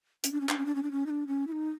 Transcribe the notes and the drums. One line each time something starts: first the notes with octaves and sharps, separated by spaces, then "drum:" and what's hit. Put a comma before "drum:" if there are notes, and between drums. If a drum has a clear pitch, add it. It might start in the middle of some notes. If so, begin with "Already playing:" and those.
C#4, drum: hi-hat
D4
C#4
D4, drum: clap
C#4
D4
C#4
D4
C#4
D#4
D4
C#4
E4
D#4